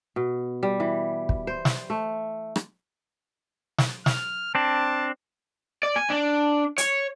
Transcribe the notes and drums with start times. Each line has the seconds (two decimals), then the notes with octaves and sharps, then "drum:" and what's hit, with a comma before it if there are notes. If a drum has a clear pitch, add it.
0.16 B2
0.63 G3
0.80 E3
1.29 drum: kick
1.47 C5
1.65 drum: snare
1.90 A3
2.56 drum: rim click
3.78 drum: snare
4.06 F6, drum: snare
4.55 C4 D4 A5
5.83 D5
5.96 G#5
6.10 D4
6.78 C#5, drum: hi-hat